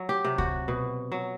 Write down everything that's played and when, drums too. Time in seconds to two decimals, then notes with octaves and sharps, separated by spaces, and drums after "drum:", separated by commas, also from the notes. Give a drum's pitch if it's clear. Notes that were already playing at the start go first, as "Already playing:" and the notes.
Already playing: F#3
0.09 G4
0.25 C3
0.38 F#4, drum: kick
0.68 B2
1.12 F#3